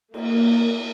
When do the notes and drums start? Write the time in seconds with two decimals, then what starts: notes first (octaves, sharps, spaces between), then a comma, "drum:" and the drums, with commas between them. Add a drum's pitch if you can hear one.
0.14 A#3, drum: cymbal